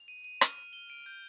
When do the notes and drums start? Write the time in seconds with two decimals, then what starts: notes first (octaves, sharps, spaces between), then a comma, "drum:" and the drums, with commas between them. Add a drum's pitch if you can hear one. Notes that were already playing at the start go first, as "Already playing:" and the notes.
Already playing: F7
0.08 D#7
0.24 D#7
0.41 F6, drum: rim click
0.57 D#7
0.73 G7
0.90 D7
1.06 G6